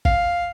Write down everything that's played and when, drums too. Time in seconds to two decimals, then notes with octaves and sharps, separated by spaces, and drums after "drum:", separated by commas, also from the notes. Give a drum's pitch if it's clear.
0.05 F5, drum: kick A1